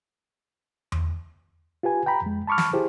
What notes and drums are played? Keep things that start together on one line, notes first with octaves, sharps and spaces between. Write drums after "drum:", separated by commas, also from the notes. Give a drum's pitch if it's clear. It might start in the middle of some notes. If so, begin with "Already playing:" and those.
drum: tom E2
F4 G4 B4 G#5
G5 A#5 B5
F2 G#3
A5 B5 C#6 D6 F6
drum: snare
E4 G4 G#4 C5